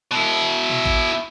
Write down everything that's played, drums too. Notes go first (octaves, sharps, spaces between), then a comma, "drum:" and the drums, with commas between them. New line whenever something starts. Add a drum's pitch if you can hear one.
B2 E4
drum: tom A#2
drum: kick G#1